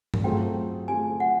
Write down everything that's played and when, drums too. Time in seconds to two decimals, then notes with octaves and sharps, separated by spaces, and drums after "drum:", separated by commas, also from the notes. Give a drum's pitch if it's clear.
0.14 drum: tom G2
0.24 F#3 A3 C4 F4 G#4 G5
0.88 F#3 A3 C4 F4 G#4 G#5
1.20 F#5